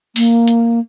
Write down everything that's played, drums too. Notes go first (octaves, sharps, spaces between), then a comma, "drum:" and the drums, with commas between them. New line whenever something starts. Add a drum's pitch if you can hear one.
A#3, drum: open hi-hat
drum: hi-hat